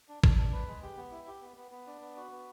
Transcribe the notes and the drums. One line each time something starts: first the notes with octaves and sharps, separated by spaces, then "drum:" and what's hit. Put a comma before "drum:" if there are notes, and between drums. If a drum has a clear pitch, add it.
D4
D4, drum: kick
D4
B4
G#3
G4
B3
E4
G4
B3
B3
B3
D4
B3
F#4
B3